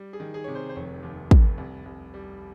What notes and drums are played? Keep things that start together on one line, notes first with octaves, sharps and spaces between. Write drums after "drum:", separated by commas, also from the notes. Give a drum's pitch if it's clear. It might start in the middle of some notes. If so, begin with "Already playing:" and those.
Already playing: G3
G#4
D#3
G#4
C3 C#5
C5
C5
F1 C#5
D#2
F1, drum: kick
C2
C2
G3